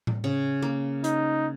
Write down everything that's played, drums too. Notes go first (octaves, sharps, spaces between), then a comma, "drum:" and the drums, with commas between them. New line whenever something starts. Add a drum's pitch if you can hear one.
drum: tom A2
C#3
A#3
D#4, drum: hi-hat